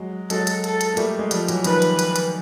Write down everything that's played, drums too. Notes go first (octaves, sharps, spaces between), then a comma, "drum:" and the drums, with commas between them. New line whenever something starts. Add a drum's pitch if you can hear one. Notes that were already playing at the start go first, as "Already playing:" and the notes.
Already playing: F#3 G#3
F#3 G#3 A4, drum: hi-hat
drum: hi-hat
A4, drum: hi-hat
drum: hi-hat
A#3
G3 A3, drum: hi-hat
G#3
F3 G3, drum: hi-hat
E3 F#3, drum: hi-hat
D#3 F3 B4, drum: hi-hat
drum: hi-hat
drum: hi-hat
drum: hi-hat